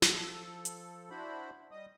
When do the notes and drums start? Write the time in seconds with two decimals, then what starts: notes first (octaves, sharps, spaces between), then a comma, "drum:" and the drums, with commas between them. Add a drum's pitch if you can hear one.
0.02 F3 A4, drum: snare
0.65 drum: hi-hat
1.10 D4 E4 F#4 C5 B5
1.71 G3 D#5 D#6